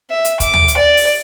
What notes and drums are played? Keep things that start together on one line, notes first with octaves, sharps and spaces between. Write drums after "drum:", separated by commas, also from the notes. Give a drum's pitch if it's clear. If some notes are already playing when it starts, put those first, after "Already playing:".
E5
drum: hi-hat
D6, drum: kick, hi-hat
drum: tom
drum: hi-hat
D5
drum: open hi-hat